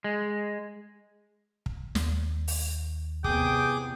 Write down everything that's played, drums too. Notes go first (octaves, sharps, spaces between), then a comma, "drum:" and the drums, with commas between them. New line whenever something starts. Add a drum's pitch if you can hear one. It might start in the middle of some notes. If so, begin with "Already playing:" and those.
G#3
drum: kick
D#2, drum: snare
drum: open hi-hat
E2 C3 B3 G#4 G5 D6 D#6, drum: kick